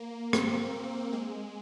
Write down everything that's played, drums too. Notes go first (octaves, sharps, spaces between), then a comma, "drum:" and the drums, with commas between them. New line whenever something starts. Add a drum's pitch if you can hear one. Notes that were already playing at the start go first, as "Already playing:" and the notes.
Already playing: A#3
C4, drum: rim click
G#3